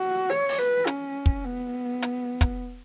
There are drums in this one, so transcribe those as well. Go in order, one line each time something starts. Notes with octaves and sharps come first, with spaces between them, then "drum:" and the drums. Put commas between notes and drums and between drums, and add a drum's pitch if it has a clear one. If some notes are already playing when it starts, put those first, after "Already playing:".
Already playing: F#4
C#5
drum: open hi-hat
B4
C#4, drum: hi-hat
drum: kick
B3
drum: hi-hat
drum: kick, hi-hat